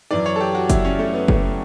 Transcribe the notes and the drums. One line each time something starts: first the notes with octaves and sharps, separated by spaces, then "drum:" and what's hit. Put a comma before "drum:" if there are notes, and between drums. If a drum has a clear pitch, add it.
F#2 E3 D5
C#5
A4
G4
F#4
E4, drum: kick F#1, hi-hat
C#4
A3
B3
A3, drum: kick F#1
B3